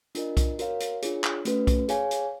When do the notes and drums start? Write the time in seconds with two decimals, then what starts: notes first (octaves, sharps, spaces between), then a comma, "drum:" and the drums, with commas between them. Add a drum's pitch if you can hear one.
0.15 D4 F4 A#4 D#5, drum: hi-hat
0.37 drum: kick B1, hi-hat
0.59 F#4 A#4 C#5 F5, drum: hi-hat
0.80 drum: hi-hat
1.02 D4 F4 G#4 C#5, drum: hi-hat
1.24 drum: clap
1.45 A3 C#4 F#4 B4, drum: hi-hat
1.67 drum: kick B1, hi-hat
1.88 G#4 C#5 F5 G#5, drum: hi-hat
2.11 drum: hi-hat